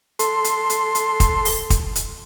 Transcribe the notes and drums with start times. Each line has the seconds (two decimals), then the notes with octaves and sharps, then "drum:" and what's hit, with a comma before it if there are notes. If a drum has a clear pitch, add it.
0.19 A4 C6, drum: hi-hat
0.44 drum: hi-hat
0.70 drum: hi-hat
0.95 drum: hi-hat
1.20 drum: kick, hi-hat
1.45 drum: open hi-hat
1.70 drum: kick, hi-hat
1.95 drum: hi-hat